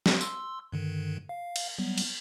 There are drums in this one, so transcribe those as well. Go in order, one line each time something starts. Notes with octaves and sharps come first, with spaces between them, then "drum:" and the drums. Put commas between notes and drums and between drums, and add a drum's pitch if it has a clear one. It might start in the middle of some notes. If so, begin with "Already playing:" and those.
drum: snare
C6 E6, drum: tambourine
G2 D3 D#3
F5
drum: cymbal
F#3 G3 B3
drum: cymbal